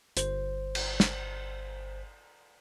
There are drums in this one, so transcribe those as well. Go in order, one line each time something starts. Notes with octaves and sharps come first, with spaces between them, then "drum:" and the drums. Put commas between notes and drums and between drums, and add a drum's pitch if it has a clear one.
G1 C5, drum: hi-hat
drum: cymbal
drum: snare